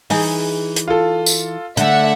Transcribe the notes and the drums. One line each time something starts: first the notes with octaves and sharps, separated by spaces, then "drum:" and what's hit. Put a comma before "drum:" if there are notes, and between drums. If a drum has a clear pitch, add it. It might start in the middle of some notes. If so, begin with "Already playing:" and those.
E3 D#4 G#4, drum: open hi-hat
drum: hi-hat
F4 A4
drum: tambourine
D3 A3 E5 F#5, drum: hi-hat